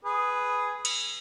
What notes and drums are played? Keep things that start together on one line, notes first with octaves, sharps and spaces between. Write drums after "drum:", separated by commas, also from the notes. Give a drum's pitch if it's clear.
G#4 B4
drum: cymbal